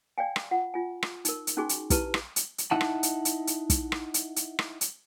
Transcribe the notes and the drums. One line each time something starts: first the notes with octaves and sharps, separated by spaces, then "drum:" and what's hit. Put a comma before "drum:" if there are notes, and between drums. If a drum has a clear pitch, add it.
D5 F5 G5 G#5
drum: rim click
F4 F#5
F4 G#5
drum: rim click
D#4 A#4, drum: hi-hat
drum: hi-hat
C#4 D#4 F#4 G#4 G#5 C#6
drum: hi-hat
E4 G4 B4 A5, drum: kick, hi-hat
drum: rim click
drum: hi-hat
drum: hi-hat
D#4 E4 F#5 A5
drum: rim click
drum: hi-hat
drum: hi-hat
drum: hi-hat
drum: kick, hi-hat
drum: rim click
drum: hi-hat
drum: hi-hat
drum: rim click
drum: hi-hat